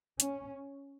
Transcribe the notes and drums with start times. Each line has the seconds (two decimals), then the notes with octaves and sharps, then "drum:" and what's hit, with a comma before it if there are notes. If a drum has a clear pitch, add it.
0.20 C#4, drum: hi-hat